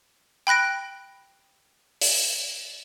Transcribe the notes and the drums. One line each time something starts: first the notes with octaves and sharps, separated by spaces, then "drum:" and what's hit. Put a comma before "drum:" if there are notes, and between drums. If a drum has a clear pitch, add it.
G5 B5 F#6 A#6 D7
drum: open hi-hat